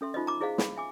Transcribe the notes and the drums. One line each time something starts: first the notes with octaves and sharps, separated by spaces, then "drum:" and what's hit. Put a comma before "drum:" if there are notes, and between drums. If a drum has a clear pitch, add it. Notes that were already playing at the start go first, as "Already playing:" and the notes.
C#4 A4 E5 C6
D#4 F4 C5 D#5
A#5 D6
E4 G#4 C5 D#5 F5
B5, drum: snare
E5 G#5 D6